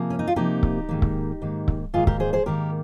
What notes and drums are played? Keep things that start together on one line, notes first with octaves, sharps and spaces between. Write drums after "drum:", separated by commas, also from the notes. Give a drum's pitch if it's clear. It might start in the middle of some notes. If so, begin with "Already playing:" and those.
Already playing: C3 F3 A#3 G#4
C#4
D#4
F4
C3 F3 A#3 D#4 G4
drum: kick C#1
G#2 D#3 A#3
drum: kick C#1
G#2 D#3 A#3
drum: kick C#1
G#2 D#3 A#3 F4 G#4
G4 A#4, drum: kick C#1
G#4 C5
G#4 C5
G#2 D#3 A#3 G4 A#4